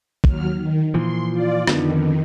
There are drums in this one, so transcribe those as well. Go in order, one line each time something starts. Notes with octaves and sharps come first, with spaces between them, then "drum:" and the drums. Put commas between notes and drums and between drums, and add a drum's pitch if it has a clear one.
D#2 F#3 F6, drum: kick
D#3
A#2 E3 F3 C6
F4 D5
F2 D3 D#3 B3, drum: rim click